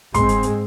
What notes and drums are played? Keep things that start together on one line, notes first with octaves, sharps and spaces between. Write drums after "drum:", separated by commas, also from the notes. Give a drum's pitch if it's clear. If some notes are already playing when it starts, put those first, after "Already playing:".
G#2 G#3 C4 C6, drum: kick, hi-hat
drum: hi-hat
drum: hi-hat